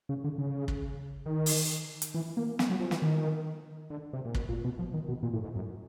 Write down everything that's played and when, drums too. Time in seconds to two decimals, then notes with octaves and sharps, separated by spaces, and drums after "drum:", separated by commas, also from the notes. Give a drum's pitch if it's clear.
0.09 C#3
0.24 D3
0.38 C#3
0.68 drum: kick
1.26 D#3
1.46 drum: open hi-hat
2.02 drum: hi-hat
2.14 E3
2.37 A#3
2.59 B3, drum: snare
2.70 F#3
2.80 F3
2.91 E3, drum: snare
3.02 D#3
3.90 D3
4.13 C3
4.25 A#2
4.35 B2, drum: kick
4.49 A#2
4.64 B2
4.79 F3
4.94 D#3
5.08 B2
5.23 A#2
5.33 A2
5.44 G#2
5.56 F#2